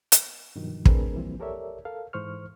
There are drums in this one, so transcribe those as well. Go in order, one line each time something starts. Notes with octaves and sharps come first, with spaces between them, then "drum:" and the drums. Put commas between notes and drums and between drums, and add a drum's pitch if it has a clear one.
drum: hi-hat
G2 B2 D#3 F3 F#3
A3 C4 D4 G#4 A#4 B4, drum: kick
A#2 E3 F3 G3 A#3 C4
G4 A4 A#4 C#5 D5 E5
A4 A#4 F5
G#2 E3 C5 C#6 F6